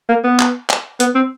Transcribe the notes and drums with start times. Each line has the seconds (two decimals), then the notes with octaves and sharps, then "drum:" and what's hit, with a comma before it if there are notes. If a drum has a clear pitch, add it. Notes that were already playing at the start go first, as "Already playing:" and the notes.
0.09 A#3
0.24 B3
0.39 drum: clap
0.70 drum: clap
1.00 B3, drum: hi-hat
1.15 C4